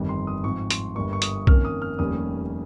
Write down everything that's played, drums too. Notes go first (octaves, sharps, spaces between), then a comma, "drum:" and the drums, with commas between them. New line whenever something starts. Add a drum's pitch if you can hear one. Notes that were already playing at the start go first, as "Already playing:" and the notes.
Already playing: G1 F2 D#3 G3
C6
D#6
G#2 F3 C4 C#6
C6, drum: hi-hat
G1 G2 G3 A#3 C#6
C#6
D#6, drum: hi-hat
F2 D#3 A#3 C#4 F6, drum: kick B1
D#6
F6
F1 D#2 D#3 G3 C#4 D#6